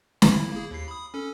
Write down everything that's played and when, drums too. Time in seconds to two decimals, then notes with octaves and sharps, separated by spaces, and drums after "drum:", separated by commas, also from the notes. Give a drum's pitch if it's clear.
0.22 G1 E4, drum: snare
0.52 A#3 E4 G#4
0.71 D#2 C7
0.88 B5 D#6
1.14 C#4 A4